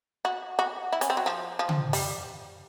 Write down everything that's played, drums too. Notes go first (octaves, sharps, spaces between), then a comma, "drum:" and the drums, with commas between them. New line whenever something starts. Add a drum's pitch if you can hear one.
F#4
F#4
E4
C#4, drum: hi-hat
C4
F#3
F3
F3
drum: tom C#3
G3, drum: open hi-hat